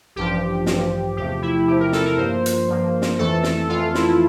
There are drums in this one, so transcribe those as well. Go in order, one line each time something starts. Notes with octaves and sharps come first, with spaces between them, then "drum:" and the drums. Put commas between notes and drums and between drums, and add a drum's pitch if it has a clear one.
A1 G2 F3 G4
A1 G2 F3, drum: snare
E2 C3 F3 A3 G4
E4
E2 C3 F3 A3 G4
A#4
A4, drum: snare
A#4
G2 F3 A#3 C5
drum: hi-hat
G2 F3 A#3
drum: snare
F2 E3 A3 A4
A4, drum: snare
F2 E3 A3 F4
E4, drum: snare